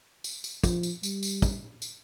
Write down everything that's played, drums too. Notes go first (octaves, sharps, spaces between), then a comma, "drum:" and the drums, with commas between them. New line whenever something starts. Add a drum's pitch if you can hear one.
drum: tambourine
drum: tambourine
F3, drum: kick, tambourine
drum: tambourine
G3, drum: tambourine
drum: tambourine
drum: kick, tambourine
drum: tambourine